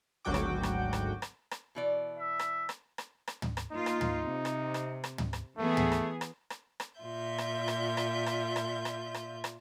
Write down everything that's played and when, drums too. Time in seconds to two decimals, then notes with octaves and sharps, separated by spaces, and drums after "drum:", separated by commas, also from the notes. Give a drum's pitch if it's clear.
0.25 G#1 D2 F#3 F#4 G5 D6
0.34 drum: rim click
0.63 drum: rim click
0.93 drum: rim click
1.22 drum: rim click
1.51 drum: rim click
1.75 B2 E3 D5
2.19 E5
2.39 drum: rim click
2.69 drum: rim click
2.98 drum: rim click
3.27 drum: rim click
3.42 drum: tom
3.57 drum: rim click
3.72 A#3 D#4 F4
3.86 drum: rim click
4.01 drum: tom
4.23 C3
4.45 drum: rim click
4.74 drum: rim click
5.04 drum: rim click
5.18 drum: tom
5.33 drum: rim click
5.58 E3 A3 B3 G#4
5.77 drum: tom
5.92 drum: rim click
6.21 drum: rim click
6.50 drum: rim click
6.80 drum: rim click
7.00 A#2 F4 E5 G6
7.38 drum: rim click
7.68 drum: rim click
7.97 drum: rim click
8.26 drum: rim click
8.56 drum: rim click
8.85 drum: rim click
9.14 drum: rim click
9.44 drum: rim click